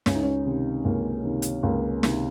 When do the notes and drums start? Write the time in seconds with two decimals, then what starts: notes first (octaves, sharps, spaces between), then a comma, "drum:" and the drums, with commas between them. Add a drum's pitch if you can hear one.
0.06 C#2 C#4, drum: snare
0.15 D#4
0.23 C#4
0.45 C3 D#3
0.85 C#2 A#3
1.24 C3 D#3
1.42 drum: hi-hat
1.63 C#2 A#3
2.03 C3 D#3, drum: snare